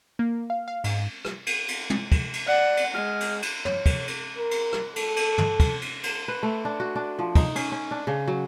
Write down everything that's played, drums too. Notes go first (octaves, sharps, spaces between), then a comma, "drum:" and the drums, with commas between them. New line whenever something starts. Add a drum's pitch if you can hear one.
A#3
F5
F5
G#2, drum: cymbal
drum: rim click
drum: cymbal
drum: cymbal
drum: tom
drum: kick, cymbal
drum: cymbal
D5 F#5
drum: cymbal
G#3 F6
drum: cymbal
drum: cymbal
C#5, drum: tom
drum: kick, cymbal
drum: cymbal
A#4
drum: cymbal
drum: rim click
A4, drum: cymbal
drum: cymbal
drum: tom
drum: kick, cymbal
drum: cymbal
drum: cymbal
B4
A3
D4
F#4
D4
F3
D#4, drum: kick, cymbal
C#4, drum: cymbal
C#4
D4
C#3
F#3